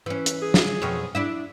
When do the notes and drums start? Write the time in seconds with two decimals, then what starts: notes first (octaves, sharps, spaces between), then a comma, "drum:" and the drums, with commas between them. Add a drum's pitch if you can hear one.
0.06 E3 C#4
0.26 drum: hi-hat
0.42 G#4
0.54 drum: snare
0.82 F2 B2 C#5
1.15 D4 E4 E5